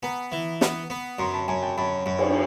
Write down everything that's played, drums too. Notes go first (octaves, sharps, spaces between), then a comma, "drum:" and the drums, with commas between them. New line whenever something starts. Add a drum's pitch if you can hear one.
B3 G#5 A#5
E3
B3, drum: snare
B3
F#2 A#5 C6
A5 B5
F#2 G#5 A#5
G5 A5
F#2 A5 B5
F#2
drum: cymbal